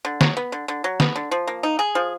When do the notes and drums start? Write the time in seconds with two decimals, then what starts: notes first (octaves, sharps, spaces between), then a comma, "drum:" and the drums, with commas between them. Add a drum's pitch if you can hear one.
0.05 D3
0.21 F#3, drum: snare
0.37 B3
0.52 D3
0.68 D3
0.84 F#3
1.00 B3, drum: snare
1.16 D3
1.31 F3
1.47 A#3
1.63 D#4
1.79 G#4
1.95 F3